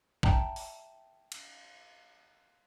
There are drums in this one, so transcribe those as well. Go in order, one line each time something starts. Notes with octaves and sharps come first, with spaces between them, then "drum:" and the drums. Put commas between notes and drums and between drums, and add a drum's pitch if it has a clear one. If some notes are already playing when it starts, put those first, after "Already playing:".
E5 G5 A5 A#5, drum: kick A1
drum: open hi-hat
drum: cymbal